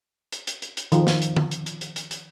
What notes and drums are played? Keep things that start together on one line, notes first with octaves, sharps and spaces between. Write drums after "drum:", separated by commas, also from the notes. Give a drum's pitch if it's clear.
drum: hi-hat
drum: hi-hat
drum: hi-hat
drum: hi-hat
D#3 F3, drum: hi-hat
drum: snare
drum: hi-hat
drum: tom
drum: hi-hat
drum: hi-hat
drum: hi-hat
drum: hi-hat
drum: hi-hat